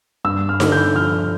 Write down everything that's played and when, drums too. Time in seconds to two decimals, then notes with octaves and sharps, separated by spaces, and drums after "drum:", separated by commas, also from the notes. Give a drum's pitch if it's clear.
0.24 G2 E6
0.49 F6
0.60 D3, drum: snare D#4
0.72 G6
0.96 F3 F6